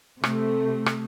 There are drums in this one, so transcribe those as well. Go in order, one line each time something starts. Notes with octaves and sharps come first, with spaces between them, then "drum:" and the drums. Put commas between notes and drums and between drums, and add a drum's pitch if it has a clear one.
C3 A3, drum: rim click
drum: rim click